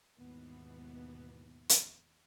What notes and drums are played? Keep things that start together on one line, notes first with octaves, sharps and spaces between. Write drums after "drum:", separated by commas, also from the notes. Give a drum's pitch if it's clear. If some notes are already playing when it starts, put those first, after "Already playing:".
D#2 G#2 B2 E3 F3 B3
drum: hi-hat